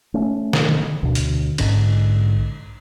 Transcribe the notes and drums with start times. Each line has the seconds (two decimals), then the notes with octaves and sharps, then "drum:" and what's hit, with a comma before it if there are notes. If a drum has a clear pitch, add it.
0.14 A3 C#4
0.53 drum: snare
0.69 drum: tom D3
1.03 D2 B2 D3
1.15 drum: hi-hat
1.58 A#1 G#2 D3 C#4, drum: cymbal